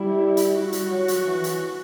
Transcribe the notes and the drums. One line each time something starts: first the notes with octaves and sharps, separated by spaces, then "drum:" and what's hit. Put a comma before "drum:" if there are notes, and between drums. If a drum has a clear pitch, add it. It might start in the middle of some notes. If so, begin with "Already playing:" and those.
Already playing: G3 E4
drum: hi-hat
F#4
drum: hi-hat
F#3
drum: hi-hat
E3
drum: hi-hat